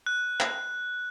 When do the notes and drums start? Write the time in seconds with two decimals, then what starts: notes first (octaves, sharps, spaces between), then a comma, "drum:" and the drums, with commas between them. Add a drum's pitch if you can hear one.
0.06 F#6
0.40 drum: clap